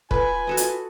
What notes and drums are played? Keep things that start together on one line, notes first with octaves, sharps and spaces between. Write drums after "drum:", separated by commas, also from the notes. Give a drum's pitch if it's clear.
F4 B4 G#5, drum: kick
F#4 A4 D#5
drum: hi-hat